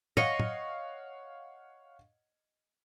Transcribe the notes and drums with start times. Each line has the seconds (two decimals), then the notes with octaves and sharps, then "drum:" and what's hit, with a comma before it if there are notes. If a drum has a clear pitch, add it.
0.17 C#5 D#5 F5 F#5 C#6, drum: tom
0.39 drum: tom